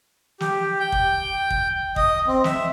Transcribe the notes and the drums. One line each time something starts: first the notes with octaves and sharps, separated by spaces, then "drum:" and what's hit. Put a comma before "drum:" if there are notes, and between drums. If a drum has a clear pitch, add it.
G4, drum: snare
G5
drum: kick
drum: kick
D#5, drum: kick
C4
E5, drum: snare